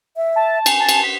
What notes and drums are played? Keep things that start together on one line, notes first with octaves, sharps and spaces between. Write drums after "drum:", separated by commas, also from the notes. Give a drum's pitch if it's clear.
E5
A5
G#5, drum: cymbal
A5
drum: cymbal
B6